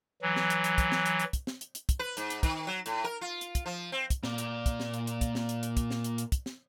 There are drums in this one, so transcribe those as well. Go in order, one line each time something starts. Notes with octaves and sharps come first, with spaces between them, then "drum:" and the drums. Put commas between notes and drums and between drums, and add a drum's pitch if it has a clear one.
E3 F#3
drum: snare
drum: hi-hat
drum: hi-hat
drum: kick, hi-hat
drum: snare
drum: hi-hat
drum: hi-hat
drum: kick, hi-hat
drum: snare
drum: hi-hat
drum: hi-hat
drum: kick, hi-hat
B4
G#2, drum: hi-hat
drum: hi-hat
D#3, drum: kick, hi-hat
F#3
A2, drum: hi-hat
A#4
F4
drum: hi-hat
drum: kick, hi-hat
F3
C4
drum: kick, hi-hat
A#2 D5, drum: snare
drum: hi-hat
drum: kick, hi-hat
drum: snare
drum: hi-hat
drum: hi-hat
drum: kick, hi-hat
drum: snare
drum: hi-hat
drum: hi-hat
drum: kick, hi-hat
drum: snare
drum: hi-hat
drum: hi-hat
drum: kick, hi-hat
drum: snare